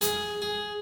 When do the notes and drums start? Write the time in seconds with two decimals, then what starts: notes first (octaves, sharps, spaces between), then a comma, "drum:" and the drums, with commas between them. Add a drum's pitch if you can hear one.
0.01 G#4, drum: hi-hat
0.42 G#4